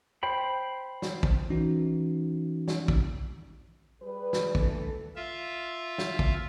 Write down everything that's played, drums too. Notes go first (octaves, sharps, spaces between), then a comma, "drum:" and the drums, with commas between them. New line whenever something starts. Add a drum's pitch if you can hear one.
C5 G5 B5
drum: snare
drum: kick
E3 C#4 D#4 F#4
drum: snare
drum: kick
G3 G#4 B4
drum: snare
D2 E3 A4, drum: kick
F4 E5
drum: snare
drum: kick